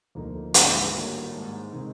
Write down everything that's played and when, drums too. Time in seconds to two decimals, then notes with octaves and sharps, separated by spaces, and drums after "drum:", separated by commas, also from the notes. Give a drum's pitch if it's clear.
0.15 D2 D3 F3 A#3 D#4
0.54 G#2, drum: hi-hat
0.93 A2 D#3 G3 A#3 D4 F#4
1.33 G#2
1.72 C3 D#3 G#3 C4